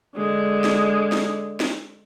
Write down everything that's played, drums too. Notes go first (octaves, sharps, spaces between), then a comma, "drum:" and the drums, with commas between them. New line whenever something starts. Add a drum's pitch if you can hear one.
D3 G#3
drum: snare
drum: snare
drum: snare